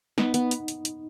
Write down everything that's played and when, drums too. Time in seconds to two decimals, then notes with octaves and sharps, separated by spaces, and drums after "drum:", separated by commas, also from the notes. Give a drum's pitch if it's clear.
0.18 B3 D#4, drum: snare
0.34 B3, drum: hi-hat
0.51 drum: hi-hat
0.68 drum: hi-hat
0.85 drum: hi-hat